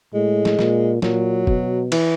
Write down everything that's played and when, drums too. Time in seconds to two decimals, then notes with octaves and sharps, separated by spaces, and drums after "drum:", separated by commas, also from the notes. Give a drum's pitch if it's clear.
0.14 A2 G#3
0.45 drum: snare
0.59 A#2, drum: snare
1.02 A#2 F#3, drum: snare
1.47 B2, drum: kick
1.92 E3, drum: cymbal